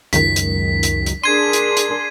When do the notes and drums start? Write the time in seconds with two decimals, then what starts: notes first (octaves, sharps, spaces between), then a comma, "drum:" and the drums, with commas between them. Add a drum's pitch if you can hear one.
0.13 C#2 F#2 D#3 B6, drum: hi-hat
0.36 drum: hi-hat
0.83 drum: hi-hat
1.06 drum: hi-hat
1.23 D4 G#4 A#4 C6 G#6 D#7
1.53 drum: hi-hat
1.77 drum: hi-hat